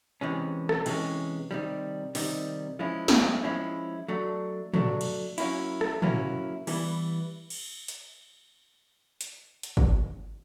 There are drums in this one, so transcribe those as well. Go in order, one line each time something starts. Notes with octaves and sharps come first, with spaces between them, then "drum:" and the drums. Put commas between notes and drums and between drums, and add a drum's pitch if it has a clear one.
C3 E3 G#3 C#4
drum: rim click
C3 E3 G#3 C#4, drum: cymbal
C3 D#3 G3
C3 D#3 G3, drum: open hi-hat
F3 G#3 C#4 E4
drum: snare
F3 G#3 C#4 E4
F#3 A3 D4
F#3 A3 D4, drum: tom
drum: cymbal
F#3 A#3 C#4 E4, drum: cymbal
drum: rim click
F#3 A#3 C#4 E4, drum: tom
E3 G3 B3 E4, drum: cymbal
drum: cymbal
drum: hi-hat
drum: hi-hat
drum: hi-hat
drum: kick